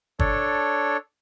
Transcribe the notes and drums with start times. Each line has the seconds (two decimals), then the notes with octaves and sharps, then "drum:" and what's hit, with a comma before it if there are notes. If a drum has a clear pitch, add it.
0.19 D4 A4 C#5, drum: kick